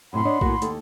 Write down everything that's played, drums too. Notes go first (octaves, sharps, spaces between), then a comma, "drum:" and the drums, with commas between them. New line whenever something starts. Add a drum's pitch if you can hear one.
F#2 A2 C3 F#5 B5 C6
D4 C#5 D#5
A2 A#3 F#4, drum: kick A#1
D#2 A4, drum: hi-hat